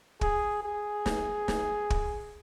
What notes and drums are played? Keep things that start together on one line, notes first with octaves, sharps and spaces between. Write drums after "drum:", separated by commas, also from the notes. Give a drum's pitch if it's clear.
G#4, drum: kick
G#4
drum: snare
drum: snare
drum: kick